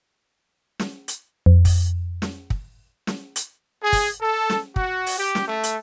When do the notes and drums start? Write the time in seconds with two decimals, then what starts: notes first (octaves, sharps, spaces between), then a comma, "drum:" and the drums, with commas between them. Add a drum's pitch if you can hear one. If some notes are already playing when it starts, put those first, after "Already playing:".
0.79 drum: snare
1.08 drum: hi-hat
1.46 F2
1.65 drum: kick, open hi-hat
2.22 drum: snare
2.50 drum: kick
3.07 drum: snare
3.36 drum: hi-hat
3.83 G#4
3.93 drum: kick, open hi-hat
4.21 A4
4.50 drum: snare
4.76 F#4, drum: kick
5.07 drum: open hi-hat
5.18 G4
5.35 drum: snare
5.48 A3
5.63 drum: hi-hat